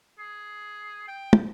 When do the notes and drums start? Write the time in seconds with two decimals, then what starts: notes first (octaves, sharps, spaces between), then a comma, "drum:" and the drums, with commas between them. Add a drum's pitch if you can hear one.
0.19 G#4
1.08 G5
1.33 drum: tom